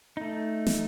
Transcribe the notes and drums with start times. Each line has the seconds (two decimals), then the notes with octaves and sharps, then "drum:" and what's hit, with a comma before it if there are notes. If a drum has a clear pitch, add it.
0.17 A3 D#4
0.67 drum: snare